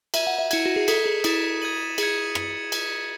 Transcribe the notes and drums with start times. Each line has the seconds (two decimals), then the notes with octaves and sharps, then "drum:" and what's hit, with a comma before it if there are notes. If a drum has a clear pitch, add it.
0.14 E5 G#6 D#7 F#7, drum: cymbal
0.27 F#5
0.39 E5
0.51 E4 G#6 C#7 E7, drum: cymbal
0.66 F#4
0.76 G#4
0.88 A4 D#6 G#6 B6, drum: cymbal
1.06 G#4
1.24 E4 D#6 A6 E7, drum: cymbal
1.62 G#6 D#7 F#7
1.98 G#4 G#6 C#7 F#7, drum: cymbal
2.35 drum: rim click
2.72 drum: cymbal